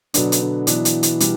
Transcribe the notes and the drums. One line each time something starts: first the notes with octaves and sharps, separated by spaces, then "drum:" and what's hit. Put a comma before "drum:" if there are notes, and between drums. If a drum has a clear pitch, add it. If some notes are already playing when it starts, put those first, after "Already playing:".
B2 D3 F#3 B3 D4, drum: hi-hat
drum: hi-hat
D3
B2 E3 F#3 B3 D4, drum: hi-hat
drum: hi-hat
drum: hi-hat
B2 G3 D4, drum: hi-hat